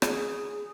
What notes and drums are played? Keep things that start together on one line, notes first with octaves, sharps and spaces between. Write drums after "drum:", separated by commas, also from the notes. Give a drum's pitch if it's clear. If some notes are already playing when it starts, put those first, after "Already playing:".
G#4, drum: rim click